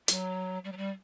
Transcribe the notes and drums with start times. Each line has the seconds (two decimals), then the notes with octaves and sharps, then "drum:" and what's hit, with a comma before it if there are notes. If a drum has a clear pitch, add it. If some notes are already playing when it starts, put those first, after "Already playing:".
0.08 F#3, drum: hi-hat
0.64 G3
0.72 F#3
0.77 G3